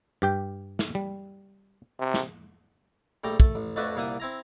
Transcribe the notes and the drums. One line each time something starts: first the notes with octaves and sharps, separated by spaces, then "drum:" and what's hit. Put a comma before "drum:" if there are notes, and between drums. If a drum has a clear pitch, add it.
G2 G4 G5
drum: snare
G3
C3
drum: snare
A#1 G3 A3 G5 A#5
A3, drum: kick
A1
F2 A3 D4 F#4 B4 E5
C2 A#2 A#3 E5 F#5 D#6
C4 E4 A#5